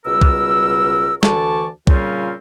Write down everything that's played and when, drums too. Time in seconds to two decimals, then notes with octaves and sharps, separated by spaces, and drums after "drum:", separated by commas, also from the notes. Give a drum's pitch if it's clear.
0.05 C#2 B2 G3 A#4 E6
0.21 drum: kick
1.23 D2 D3 E3 D5 A5 C#6, drum: snare
1.87 A#2 C#3 G3 C4 C#4 F4, drum: kick